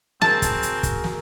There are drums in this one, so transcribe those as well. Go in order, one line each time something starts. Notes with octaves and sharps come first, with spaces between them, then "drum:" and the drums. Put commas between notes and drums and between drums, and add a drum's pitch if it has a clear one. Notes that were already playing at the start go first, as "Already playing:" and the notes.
C4 F#4 G#4 A#4 A5, drum: snare
drum: kick, hi-hat
drum: hi-hat
drum: kick, hi-hat
drum: snare